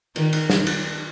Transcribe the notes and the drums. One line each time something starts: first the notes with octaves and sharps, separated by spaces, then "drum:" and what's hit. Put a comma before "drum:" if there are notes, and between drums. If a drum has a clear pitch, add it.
D#3, drum: cymbal
drum: cymbal
drum: snare
drum: cymbal